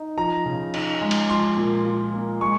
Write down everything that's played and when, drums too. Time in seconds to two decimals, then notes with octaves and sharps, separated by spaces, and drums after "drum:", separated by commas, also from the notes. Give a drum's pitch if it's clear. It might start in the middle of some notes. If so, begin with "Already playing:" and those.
Already playing: D#4
0.18 F3 A#5
0.46 C#3
0.74 D#4, drum: cymbal
1.02 G#3
1.11 drum: cymbal
1.29 F3 C6
1.57 A#2
1.85 F4
2.14 A#3
2.41 G#3 C#6